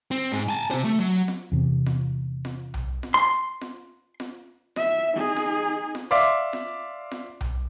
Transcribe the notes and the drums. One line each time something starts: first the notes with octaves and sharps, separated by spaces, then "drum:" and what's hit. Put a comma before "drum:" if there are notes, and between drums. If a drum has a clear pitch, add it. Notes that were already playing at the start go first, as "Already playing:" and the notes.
C4
G#2 G#3
G#5 A5
C3 C5, drum: snare F4
A3
F#3
drum: snare F4
E2 C3
drum: snare F4
drum: snare F4
drum: tom B1
drum: snare F4
C6
drum: snare F4
drum: snare F4
E5, drum: snare F4
D#4 G#4
drum: snare F4
drum: snare F4
D5 E5 F5 C6 D6
drum: snare F4
drum: snare F4
drum: tom B1